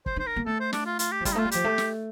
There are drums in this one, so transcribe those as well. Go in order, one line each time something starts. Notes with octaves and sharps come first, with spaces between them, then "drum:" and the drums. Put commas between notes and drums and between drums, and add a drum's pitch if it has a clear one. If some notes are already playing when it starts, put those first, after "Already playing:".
C5, drum: kick
D#4 C5
A#4
A#3
A3 A4
C5
D4, drum: snare
F4
F4, drum: hi-hat
G4
F3
G3 F4, drum: kick, hi-hat
D#4
A3 F4
G3
F3 G4, drum: hi-hat
A3
drum: snare